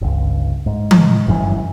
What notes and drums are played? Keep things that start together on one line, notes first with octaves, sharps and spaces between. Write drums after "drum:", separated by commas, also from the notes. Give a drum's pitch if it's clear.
G1 C#2
G#2
drum: tom E3
G1 F#2 C3 E3